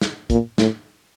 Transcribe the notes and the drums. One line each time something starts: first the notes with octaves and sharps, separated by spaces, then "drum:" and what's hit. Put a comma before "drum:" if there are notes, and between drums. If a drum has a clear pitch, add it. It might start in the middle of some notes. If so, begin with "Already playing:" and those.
drum: snare
A#2, drum: kick, hi-hat
A2, drum: snare